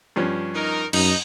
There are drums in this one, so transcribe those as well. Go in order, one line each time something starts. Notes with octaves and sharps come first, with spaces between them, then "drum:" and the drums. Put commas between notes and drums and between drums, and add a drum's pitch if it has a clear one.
G2 F3 C#4
D#4 A#4
F#2 D#4, drum: cymbal